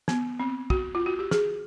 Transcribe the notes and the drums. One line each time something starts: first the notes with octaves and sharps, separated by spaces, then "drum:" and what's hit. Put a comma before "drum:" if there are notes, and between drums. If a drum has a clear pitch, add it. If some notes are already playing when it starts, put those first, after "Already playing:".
B3, drum: snare
C4
F#4, drum: kick
F4
F#4
G4
G#4, drum: snare